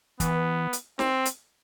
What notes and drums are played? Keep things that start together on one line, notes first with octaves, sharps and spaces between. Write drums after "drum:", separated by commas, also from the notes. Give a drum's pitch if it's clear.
E3 B3, drum: kick, hi-hat
drum: hi-hat
C4, drum: snare
drum: hi-hat